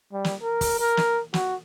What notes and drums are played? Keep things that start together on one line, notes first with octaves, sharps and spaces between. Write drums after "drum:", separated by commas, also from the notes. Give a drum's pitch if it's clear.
G3
drum: snare
A#4
drum: kick, open hi-hat
A#4
drum: snare
F#4, drum: snare